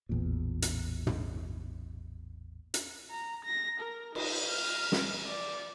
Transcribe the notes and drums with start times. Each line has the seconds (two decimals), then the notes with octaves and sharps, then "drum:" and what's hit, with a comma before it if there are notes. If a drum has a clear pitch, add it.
0.09 A1 E2 A#2
0.62 drum: hi-hat
1.07 drum: tom
2.74 drum: hi-hat
3.10 A#5
3.45 A#6
3.80 A#4
4.15 D#4, drum: cymbal
4.50 F6
4.92 drum: snare
5.26 D5